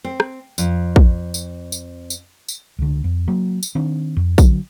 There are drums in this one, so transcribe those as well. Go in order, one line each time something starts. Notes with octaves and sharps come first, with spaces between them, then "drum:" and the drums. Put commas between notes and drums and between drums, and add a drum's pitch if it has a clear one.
C4
drum: rim click
F2, drum: tambourine
drum: kick
drum: tambourine
drum: tambourine
drum: tambourine
drum: tambourine
C#2 D3
F2
F#3 A#3
drum: tambourine
D#3 C4 D4
F2
D3 F#3, drum: kick, tambourine